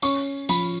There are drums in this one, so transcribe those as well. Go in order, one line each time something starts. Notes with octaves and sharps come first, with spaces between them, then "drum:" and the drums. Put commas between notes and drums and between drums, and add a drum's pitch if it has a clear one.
C#4 C#6, drum: tambourine
F3 B5, drum: tambourine